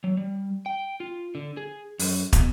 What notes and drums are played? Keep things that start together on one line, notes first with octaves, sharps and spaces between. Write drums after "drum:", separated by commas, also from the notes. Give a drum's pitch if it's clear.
F#3
G3
G5
F4
D3
G#4
F#2, drum: open hi-hat
B2, drum: kick, hi-hat